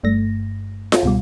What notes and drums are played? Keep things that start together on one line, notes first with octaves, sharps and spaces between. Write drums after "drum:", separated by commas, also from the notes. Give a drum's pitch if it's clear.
G1 G2 A3 A#6
drum: snare F4
C#2 B2 G3